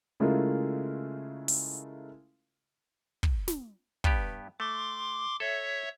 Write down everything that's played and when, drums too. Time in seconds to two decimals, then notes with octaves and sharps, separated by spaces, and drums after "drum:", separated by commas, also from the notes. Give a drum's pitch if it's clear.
0.20 C#3 G#3 A3 E4 F4 A#4
1.48 drum: open hi-hat
3.23 drum: kick
3.48 drum: snare
4.04 G2 B3 G4, drum: kick
4.60 A3 C6 D6
5.40 A4 C#5 E5